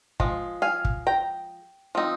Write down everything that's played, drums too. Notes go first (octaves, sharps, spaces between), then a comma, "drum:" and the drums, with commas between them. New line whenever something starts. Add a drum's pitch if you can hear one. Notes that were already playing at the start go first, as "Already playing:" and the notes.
F3 G#3, drum: kick
F5 G#5
drum: kick
G5 A#5
F3 C4 D#4